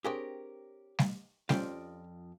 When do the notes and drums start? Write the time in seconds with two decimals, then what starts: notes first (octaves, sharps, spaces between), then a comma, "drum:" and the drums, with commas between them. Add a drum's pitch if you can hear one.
0.04 C4 D4 G4 G#4 A#4 C#5
0.99 drum: snare
1.49 F2 C#4 F4 G4 C5 D5, drum: snare